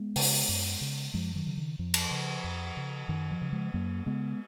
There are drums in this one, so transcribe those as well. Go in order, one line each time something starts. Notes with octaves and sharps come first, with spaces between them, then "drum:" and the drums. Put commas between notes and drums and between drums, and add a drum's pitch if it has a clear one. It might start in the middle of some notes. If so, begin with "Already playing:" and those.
Already playing: G#3 B3
C#3, drum: open hi-hat
F#2
C#3
F#2 F3 G#3
D#3 F#3
C#3
D#3
F2 F3
drum: cymbal
C#3
F2
C#3
F#2 D#3
F3
C#3
F3 G#3
F#2 F#3 A#3
C#3 G#3 B3